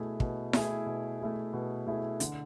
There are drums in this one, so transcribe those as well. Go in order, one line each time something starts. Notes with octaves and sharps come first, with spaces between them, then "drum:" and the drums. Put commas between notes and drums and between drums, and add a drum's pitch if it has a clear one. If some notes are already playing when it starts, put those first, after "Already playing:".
Already playing: B2 A3 E4 G#4
B2, drum: kick
A3 E4 G#4, drum: snare E4
B2
A3 E4 G#4
B2
A3 E4 G#4
D3, drum: hi-hat